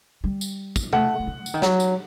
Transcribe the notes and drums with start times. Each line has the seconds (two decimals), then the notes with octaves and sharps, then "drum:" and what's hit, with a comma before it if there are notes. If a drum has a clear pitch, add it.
0.24 G3
0.41 drum: tambourine
0.76 drum: kick, tambourine
0.93 A3 F#5, drum: tom C3
1.19 A#3
1.27 A3
1.46 D3, drum: tambourine
1.54 D#3
1.62 F#3, drum: snare
1.80 drum: tambourine